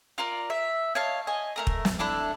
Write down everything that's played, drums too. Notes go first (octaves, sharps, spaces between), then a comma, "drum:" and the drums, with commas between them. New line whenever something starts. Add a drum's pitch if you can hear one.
F4 A#4 D5
E5
C#5 D#5 F5 A5
D#5 G#5
A3 A#4 A#5
drum: kick
drum: snare
D4 E4 A4 D6